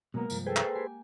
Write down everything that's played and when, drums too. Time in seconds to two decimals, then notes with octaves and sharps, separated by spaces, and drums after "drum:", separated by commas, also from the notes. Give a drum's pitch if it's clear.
0.14 B2 F#3 G#3 A#3 B3 A#4
0.30 C2 G2 F3, drum: tambourine
0.46 G#4 A4 B4 C5 G5 G#5
0.56 drum: clap
0.76 G4 G#5